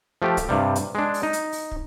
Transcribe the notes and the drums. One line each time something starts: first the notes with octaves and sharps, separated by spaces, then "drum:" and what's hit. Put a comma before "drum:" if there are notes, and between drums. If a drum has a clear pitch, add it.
F3 A3 G4
drum: kick, hi-hat
G2 C3 G3
drum: hi-hat
G#3 D4
drum: open hi-hat
D#4
drum: hi-hat
drum: open hi-hat
drum: kick